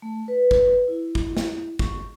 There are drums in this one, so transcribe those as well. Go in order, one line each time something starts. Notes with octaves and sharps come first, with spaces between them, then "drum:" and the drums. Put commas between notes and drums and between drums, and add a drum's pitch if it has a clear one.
A3
B4
drum: kick
E4
drum: kick
drum: snare
C#6, drum: kick